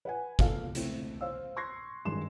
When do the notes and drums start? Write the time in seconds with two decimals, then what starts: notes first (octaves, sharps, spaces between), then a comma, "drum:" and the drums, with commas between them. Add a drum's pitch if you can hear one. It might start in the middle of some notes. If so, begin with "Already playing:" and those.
0.05 B4 F#5 G#5
0.39 A#3 F4 A4 F5, drum: kick G1
0.75 A3 C4 E4, drum: hi-hat
1.21 C5 F5 E6
1.57 C6 C#6 F#6 G#6 A#6 C7
2.05 G#1 G2 G#3 C6 E7